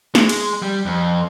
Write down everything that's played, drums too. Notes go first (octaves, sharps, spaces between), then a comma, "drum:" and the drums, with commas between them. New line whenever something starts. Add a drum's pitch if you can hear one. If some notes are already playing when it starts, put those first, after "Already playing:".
G#3, drum: snare
drum: cymbal
G3
F2